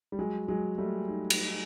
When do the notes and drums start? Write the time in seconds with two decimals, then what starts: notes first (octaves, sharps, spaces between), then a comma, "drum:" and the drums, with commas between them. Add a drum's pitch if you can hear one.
0.12 G3
0.19 F#3 G#3
0.48 F#3 G#3
0.78 G3 A3
1.08 D#4
1.30 drum: cymbal